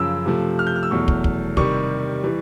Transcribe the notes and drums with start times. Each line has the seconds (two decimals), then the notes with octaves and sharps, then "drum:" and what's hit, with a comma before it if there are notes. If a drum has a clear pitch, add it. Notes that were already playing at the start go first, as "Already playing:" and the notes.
Already playing: F#2 C#3 F3 E6
0.26 C3 F3 A3
0.59 F6
0.67 G6
0.76 F6
0.83 E6
0.91 E2 B2 F#3 A3 C#6
1.08 drum: kick
1.24 drum: kick
1.57 C3 D#3 G3 C#6, drum: kick
2.23 E3 G3